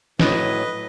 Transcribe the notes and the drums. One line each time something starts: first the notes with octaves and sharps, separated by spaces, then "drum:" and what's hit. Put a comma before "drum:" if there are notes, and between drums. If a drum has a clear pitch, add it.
A2 F#3 B4 D#5, drum: snare
A2 F#3